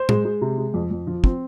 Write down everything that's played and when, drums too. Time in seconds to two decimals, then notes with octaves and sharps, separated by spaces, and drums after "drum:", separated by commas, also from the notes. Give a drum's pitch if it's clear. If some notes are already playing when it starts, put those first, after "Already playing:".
Already playing: C5
0.09 G#3, drum: tom A2
0.25 G#3
0.41 C3
0.58 G#3
0.74 F2
0.91 F2
1.07 F3
1.24 C4, drum: kick